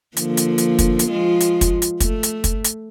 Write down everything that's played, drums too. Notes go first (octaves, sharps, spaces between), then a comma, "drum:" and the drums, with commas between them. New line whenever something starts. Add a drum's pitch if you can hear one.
D3 F3 A#3, drum: hi-hat
drum: hi-hat
drum: hi-hat
drum: kick, hi-hat
drum: hi-hat
F3 G#3 F4
drum: hi-hat
drum: kick, hi-hat
drum: hi-hat
A3, drum: kick, hi-hat
drum: hi-hat
drum: kick, hi-hat
drum: hi-hat